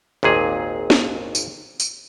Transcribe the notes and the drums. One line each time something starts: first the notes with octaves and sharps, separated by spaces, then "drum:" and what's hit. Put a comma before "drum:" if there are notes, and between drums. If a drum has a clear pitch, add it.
G#1 D#2 A#2 G#4
drum: snare
drum: tambourine
drum: tambourine